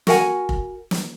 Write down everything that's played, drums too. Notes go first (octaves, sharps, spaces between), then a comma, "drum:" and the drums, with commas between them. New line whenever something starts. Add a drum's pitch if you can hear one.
F#4 A#4 F#5 G#5, drum: snare
drum: kick F1
drum: snare